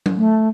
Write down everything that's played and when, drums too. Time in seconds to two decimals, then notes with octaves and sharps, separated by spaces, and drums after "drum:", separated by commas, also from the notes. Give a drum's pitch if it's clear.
0.06 drum: tom F#3
0.17 A3